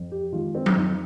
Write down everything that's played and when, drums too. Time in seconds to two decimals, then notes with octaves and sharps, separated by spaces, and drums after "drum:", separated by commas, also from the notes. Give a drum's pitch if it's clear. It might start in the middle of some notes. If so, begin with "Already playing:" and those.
Already playing: F2
0.12 G4
0.32 D#3 G#3 F4
0.55 C4
0.66 drum: tom F#3
0.76 F2 D#4